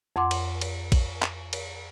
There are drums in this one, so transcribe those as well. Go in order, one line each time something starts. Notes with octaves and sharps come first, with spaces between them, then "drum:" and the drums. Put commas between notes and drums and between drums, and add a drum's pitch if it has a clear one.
F2 F#5 C6 D6
drum: cymbal
drum: cymbal
drum: kick A#1, cymbal
drum: clap
drum: cymbal